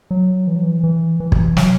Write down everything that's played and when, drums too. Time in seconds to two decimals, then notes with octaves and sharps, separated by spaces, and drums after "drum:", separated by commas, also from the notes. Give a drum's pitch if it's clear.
0.11 F#3
0.47 E3
0.56 F#3
0.63 E3
0.83 E3
1.20 E3
1.32 drum: kick
1.57 F#3, drum: snare